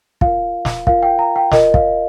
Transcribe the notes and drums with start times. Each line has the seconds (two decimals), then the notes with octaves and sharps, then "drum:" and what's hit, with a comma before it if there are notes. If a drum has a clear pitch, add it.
0.21 F4 A#4 F5, drum: kick
0.65 drum: snare
0.87 F4 A#4 F5, drum: kick
1.03 G5
1.19 A#5
1.36 G5
1.52 F4 A#4 D#5, drum: snare
1.74 F5, drum: kick